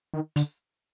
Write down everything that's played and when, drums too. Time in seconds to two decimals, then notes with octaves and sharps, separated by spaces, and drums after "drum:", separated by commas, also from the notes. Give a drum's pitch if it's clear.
0.14 D#3
0.36 D3, drum: hi-hat